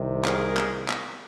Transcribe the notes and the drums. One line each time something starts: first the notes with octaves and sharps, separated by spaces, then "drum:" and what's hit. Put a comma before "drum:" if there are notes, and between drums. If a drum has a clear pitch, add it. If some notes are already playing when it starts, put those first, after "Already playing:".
Already playing: C2 C3 D#3
G#4 A#4, drum: clap
drum: clap
drum: clap